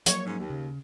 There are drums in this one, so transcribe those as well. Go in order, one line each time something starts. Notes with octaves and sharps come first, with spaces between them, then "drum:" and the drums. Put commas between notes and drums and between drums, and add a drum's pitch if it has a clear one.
F3 F#3 A#3 C#5, drum: hi-hat
G#2 C#4
D#2
C#3